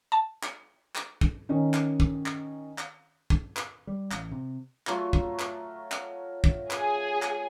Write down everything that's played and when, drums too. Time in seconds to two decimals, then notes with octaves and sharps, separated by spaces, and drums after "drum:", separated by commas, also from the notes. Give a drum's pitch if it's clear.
0.12 A5
0.43 drum: clap
0.95 drum: clap
1.21 drum: kick
1.49 D#3 C#4 D#4
1.74 drum: clap
2.00 drum: kick
2.26 drum: clap
2.78 drum: clap
3.30 drum: kick
3.56 drum: clap
3.87 G3
4.11 A1, drum: clap
4.31 C3
4.87 F#3 A3 F4, drum: clap
5.13 drum: kick
5.39 drum: clap
5.92 drum: clap
6.44 drum: kick
6.71 G#4 G#5, drum: clap
7.22 drum: clap